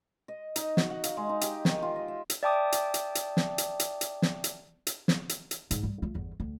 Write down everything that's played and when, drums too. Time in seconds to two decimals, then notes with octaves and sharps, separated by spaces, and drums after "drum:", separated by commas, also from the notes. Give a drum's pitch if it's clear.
0.28 D#5
0.56 D#4, drum: hi-hat
0.77 F#4, drum: snare
0.90 F#5
1.04 F5, drum: hi-hat
1.17 G#3
1.29 D#4
1.41 G4, drum: hi-hat
1.65 D#3, drum: snare
1.82 F4
1.96 D#5
2.08 E5
2.30 drum: hi-hat
2.43 D5 E5 G5 A5 D6 D#6
2.72 drum: hi-hat
2.94 drum: hi-hat
3.15 drum: hi-hat
3.37 drum: snare
3.58 drum: hi-hat
3.80 drum: hi-hat
4.01 drum: hi-hat
4.22 drum: snare
4.44 drum: hi-hat
4.87 drum: hi-hat
5.08 drum: snare
5.29 drum: hi-hat
5.51 drum: hi-hat
5.71 G#2, drum: hi-hat
5.83 G2
6.02 A3 F4
6.14 G1 E2
6.40 D2